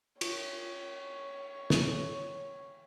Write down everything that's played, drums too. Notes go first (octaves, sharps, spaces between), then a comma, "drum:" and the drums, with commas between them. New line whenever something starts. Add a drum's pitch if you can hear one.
F4 C#5, drum: cymbal
drum: snare